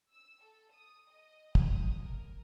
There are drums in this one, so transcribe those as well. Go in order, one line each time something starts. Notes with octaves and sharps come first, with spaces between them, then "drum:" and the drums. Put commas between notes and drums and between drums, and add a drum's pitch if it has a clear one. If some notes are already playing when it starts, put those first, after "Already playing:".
E6
A4
D#6
D#5
D#6, drum: kick
A#4